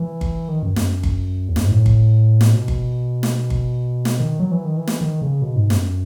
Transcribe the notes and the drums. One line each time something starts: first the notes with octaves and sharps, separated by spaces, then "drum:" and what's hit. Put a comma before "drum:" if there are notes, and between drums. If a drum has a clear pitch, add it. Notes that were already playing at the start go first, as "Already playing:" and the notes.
Already playing: E3
drum: kick G1
D#3
F#2
F#2, drum: snare
drum: kick G1
E2
F#2, drum: snare
G#2
A2
drum: kick G1
drum: snare
B2
drum: kick G1
drum: snare
drum: kick G1
drum: snare
D#3
F#3
E3
D#3
E3
drum: snare
D#3
C#3
B2
G#2
F#2, drum: snare